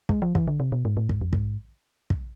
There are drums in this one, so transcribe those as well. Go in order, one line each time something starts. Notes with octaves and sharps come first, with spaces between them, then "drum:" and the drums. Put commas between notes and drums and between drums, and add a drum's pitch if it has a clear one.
G#3, drum: kick
F3
E3, drum: kick
D3
C3
B2
G#2
A2
G#2, drum: kick
F2
G#2, drum: kick
drum: kick